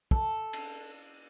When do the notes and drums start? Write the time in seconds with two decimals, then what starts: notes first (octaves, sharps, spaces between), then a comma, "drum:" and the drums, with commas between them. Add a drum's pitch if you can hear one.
0.11 A4, drum: kick
0.53 drum: cymbal